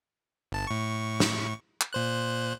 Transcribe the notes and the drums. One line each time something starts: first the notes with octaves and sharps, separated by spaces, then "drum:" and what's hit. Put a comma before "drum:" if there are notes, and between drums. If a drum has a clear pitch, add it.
G1 A5
A2 C#6
drum: snare
drum: clap
A#2 C5 F#6